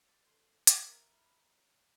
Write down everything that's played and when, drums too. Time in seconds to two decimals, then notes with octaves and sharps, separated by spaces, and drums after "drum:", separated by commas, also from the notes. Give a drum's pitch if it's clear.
0.08 D5
0.25 A4 C5
0.67 C5 E5, drum: hi-hat
0.86 A#4 E5
1.07 B5
1.55 C#5